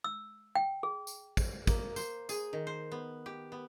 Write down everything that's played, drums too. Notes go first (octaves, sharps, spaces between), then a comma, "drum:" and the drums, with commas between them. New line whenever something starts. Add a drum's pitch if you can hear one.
E6
G5
G#4
drum: tambourine
drum: kick, tambourine
A#3, drum: kick, tambourine
C5, drum: tambourine
G#4, drum: tambourine
D#3
C5
B3
G4
B3